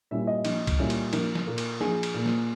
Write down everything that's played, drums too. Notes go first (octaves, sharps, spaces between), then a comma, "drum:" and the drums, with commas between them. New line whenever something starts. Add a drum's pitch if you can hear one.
A#2 G3 C#4 E4 E5
D#5
A#1, drum: cymbal
drum: kick C2, cymbal
A#2 G3 C#4 E4
drum: cymbal
A#1 A#4, drum: cymbal
drum: snare
A#2 A#3
drum: cymbal
A#1 G#4, drum: snare
drum: cymbal
A#2 A#3
drum: snare